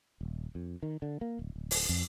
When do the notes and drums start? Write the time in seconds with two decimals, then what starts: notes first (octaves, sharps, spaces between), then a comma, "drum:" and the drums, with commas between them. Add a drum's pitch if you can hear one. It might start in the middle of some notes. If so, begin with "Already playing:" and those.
0.21 D#1
0.55 F2
0.83 D#3
1.02 D3
1.21 A#3
1.39 D1
1.56 D1
1.71 drum: open hi-hat
1.89 F2